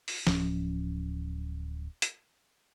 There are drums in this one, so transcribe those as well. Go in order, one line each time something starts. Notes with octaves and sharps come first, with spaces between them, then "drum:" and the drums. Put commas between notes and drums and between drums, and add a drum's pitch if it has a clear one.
drum: open hi-hat
D1 F3 C#4, drum: snare
drum: hi-hat